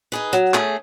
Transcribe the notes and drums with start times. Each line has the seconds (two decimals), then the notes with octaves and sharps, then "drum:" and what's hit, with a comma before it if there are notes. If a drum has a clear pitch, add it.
0.12 D#4 G#4 B4
0.33 F#3, drum: hi-hat
0.54 A3 C#4 G#4, drum: clap